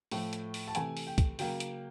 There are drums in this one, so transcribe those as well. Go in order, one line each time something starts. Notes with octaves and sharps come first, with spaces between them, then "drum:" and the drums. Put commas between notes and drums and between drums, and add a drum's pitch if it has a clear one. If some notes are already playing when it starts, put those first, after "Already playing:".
A2 F3 A3, drum: open hi-hat
drum: hi-hat
drum: open hi-hat
A5
C3 E3 A3 G#5, drum: hi-hat
drum: open hi-hat
G5
drum: kick, hi-hat
C#3 F#3 A#3 G5, drum: open hi-hat
drum: hi-hat